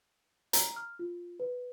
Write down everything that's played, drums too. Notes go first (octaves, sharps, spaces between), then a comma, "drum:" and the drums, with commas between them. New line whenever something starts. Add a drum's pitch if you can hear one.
A#5, drum: hi-hat
F6
F4
B4